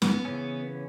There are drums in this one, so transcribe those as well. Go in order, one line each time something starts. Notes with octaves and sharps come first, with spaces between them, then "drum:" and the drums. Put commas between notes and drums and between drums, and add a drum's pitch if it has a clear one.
B3, drum: snare
C#3 E3 C#4